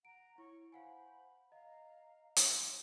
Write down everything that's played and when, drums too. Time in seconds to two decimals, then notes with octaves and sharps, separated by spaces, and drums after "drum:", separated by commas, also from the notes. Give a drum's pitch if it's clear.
0.05 F#5 A#5 D7
0.38 E4 C#5 C#6
0.72 C5 F5 F#5 G#5 B5
1.52 D#5 F5 A#5
2.36 drum: hi-hat
2.49 D#4 C6